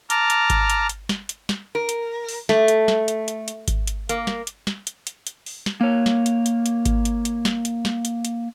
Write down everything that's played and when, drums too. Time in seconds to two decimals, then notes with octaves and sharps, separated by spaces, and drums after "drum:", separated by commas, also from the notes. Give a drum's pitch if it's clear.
0.10 A5 A#5 D6 F6, drum: hi-hat
0.30 drum: hi-hat
0.50 drum: kick G#1, hi-hat
0.70 drum: hi-hat
0.89 drum: hi-hat
1.09 drum: snare
1.29 drum: hi-hat
1.49 drum: snare
1.75 A#4
1.89 drum: hi-hat
2.29 drum: open hi-hat
2.49 A3, drum: snare
2.68 drum: hi-hat
2.88 drum: snare
3.08 drum: hi-hat
3.28 drum: hi-hat
3.48 drum: hi-hat
3.68 drum: kick G#1, hi-hat
3.87 drum: hi-hat
4.09 A#3, drum: hi-hat
4.27 drum: snare
4.47 drum: hi-hat
4.67 drum: snare
4.87 drum: hi-hat
5.07 drum: hi-hat
5.27 drum: hi-hat
5.46 drum: open hi-hat
5.66 drum: snare
5.81 A#3 C#5
6.06 drum: snare
6.26 drum: hi-hat
6.46 drum: hi-hat
6.66 drum: hi-hat
6.86 drum: kick G#1, hi-hat
7.05 drum: hi-hat
7.25 drum: hi-hat
7.45 drum: snare
7.65 drum: hi-hat
7.85 drum: snare
8.05 drum: hi-hat
8.25 drum: hi-hat